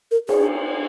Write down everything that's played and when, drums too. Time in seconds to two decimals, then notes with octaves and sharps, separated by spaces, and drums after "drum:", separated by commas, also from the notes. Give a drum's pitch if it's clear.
0.11 A#4
0.29 G#4, drum: cymbal